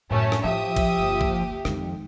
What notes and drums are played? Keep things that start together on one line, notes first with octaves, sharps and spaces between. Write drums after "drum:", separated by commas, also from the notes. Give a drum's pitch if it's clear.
F#2 A2 A3 C#4
drum: rim click
F3 E4 G4 E5 D#6
drum: kick, cymbal
G1 A#3
drum: kick
F2 D#3 G#3, drum: rim click